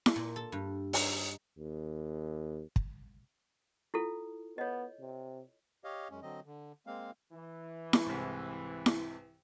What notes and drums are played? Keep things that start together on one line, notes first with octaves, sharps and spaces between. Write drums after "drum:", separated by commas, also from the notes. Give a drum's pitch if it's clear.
drum: snare E4
A#2
A4
G2
D#4, drum: open hi-hat
D#2
drum: kick
E4 F4 A4
B3 C#5 D#5
C3
G4 C#5 D#5 F5
F#2 G#3 C#4
D3 F#3 C4 D#5
D3
G#3 A#3 C4 F5
E3
drum: snare E4
C2 G#2
drum: snare E4